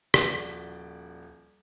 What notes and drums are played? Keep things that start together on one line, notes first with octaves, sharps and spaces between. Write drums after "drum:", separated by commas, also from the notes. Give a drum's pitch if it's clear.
D#1 F3 F#4 D5, drum: rim click